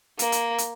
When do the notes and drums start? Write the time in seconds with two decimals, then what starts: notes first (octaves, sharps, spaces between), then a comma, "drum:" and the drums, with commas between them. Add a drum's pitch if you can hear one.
0.19 A#3, drum: hi-hat
0.32 drum: hi-hat
0.58 drum: hi-hat